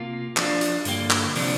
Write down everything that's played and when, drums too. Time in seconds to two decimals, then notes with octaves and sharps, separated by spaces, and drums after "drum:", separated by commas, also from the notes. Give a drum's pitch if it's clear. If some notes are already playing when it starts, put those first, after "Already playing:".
Already playing: C3 A#3 F4
0.37 F3 D4 F4, drum: clap
0.61 drum: hi-hat
0.85 G2 D3 A#3 G4, drum: hi-hat
1.10 drum: clap
1.35 C3 F3 D4, drum: open hi-hat